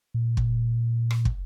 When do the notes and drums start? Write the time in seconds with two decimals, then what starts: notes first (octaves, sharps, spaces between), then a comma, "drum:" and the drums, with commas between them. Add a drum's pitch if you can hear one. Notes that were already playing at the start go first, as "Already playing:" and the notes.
0.14 A#2
0.37 drum: kick
1.11 drum: rim click
1.25 drum: kick